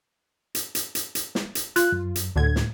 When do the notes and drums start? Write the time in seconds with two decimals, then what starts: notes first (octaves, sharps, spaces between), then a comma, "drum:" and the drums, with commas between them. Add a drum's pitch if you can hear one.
0.55 drum: hi-hat
0.75 drum: hi-hat
0.95 drum: hi-hat
1.15 drum: hi-hat
1.35 drum: snare
1.55 drum: hi-hat
1.76 F4 F#6, drum: hi-hat
1.92 F#2
2.15 drum: hi-hat
2.36 D2 A2 D3 G#6
2.56 drum: snare